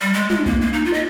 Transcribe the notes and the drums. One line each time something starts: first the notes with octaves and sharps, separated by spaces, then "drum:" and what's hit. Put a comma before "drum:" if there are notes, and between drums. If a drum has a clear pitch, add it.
G3
G#3
G#3, drum: tom
A#3, drum: kick
A#3
D#4
F4
D#5